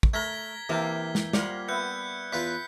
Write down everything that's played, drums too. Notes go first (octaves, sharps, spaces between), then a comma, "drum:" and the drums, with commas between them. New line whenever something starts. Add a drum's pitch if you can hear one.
drum: kick
A3 A#4 A#5 G#6 B6 G7
C3 E3 A#3 E5 F5 G5 A5
drum: snare
F3 G3 A#3 A#4 F5 F#5, drum: snare
B3 E5 F#6 G6 C#7
E2 F4 B4 B6